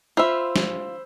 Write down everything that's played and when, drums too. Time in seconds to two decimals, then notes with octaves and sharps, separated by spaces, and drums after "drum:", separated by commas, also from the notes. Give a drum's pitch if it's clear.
0.17 F4 C5 E5 B5 E6
0.56 drum: snare